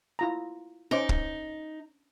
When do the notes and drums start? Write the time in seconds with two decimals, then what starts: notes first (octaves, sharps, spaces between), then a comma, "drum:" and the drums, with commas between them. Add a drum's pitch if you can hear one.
0.19 E4 F4 A#5
0.91 C#4 D#4 C5 D6
1.09 drum: kick